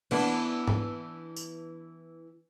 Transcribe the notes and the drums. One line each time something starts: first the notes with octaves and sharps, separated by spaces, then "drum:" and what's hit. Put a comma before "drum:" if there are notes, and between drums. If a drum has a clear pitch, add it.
E3 B3 D4, drum: cymbal
drum: tom G#2
drum: tambourine